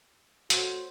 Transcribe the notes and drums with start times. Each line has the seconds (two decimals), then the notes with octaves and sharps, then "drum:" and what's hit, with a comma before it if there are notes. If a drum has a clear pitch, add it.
0.50 F#4 C5 C#5, drum: hi-hat